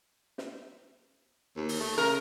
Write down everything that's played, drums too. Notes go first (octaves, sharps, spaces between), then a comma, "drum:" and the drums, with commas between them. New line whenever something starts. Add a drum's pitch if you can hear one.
drum: snare
D#2
drum: open hi-hat
A3
C#3 A#4